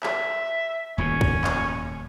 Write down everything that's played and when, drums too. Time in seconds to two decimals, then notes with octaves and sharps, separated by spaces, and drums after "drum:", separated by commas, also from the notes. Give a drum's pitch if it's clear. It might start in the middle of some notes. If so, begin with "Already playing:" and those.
0.03 E5, drum: clap
0.98 D#1 E2 A#2 C#4
1.21 drum: kick
1.44 drum: clap